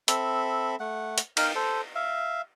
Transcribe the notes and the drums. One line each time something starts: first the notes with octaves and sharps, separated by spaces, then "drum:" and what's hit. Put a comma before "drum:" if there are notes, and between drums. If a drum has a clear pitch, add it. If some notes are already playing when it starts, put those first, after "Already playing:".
C4 A4 E5 B5, drum: hi-hat
A3 F#5
drum: hi-hat
D#4 A#4 F5 G5, drum: cymbal
A4 C5
E5 F5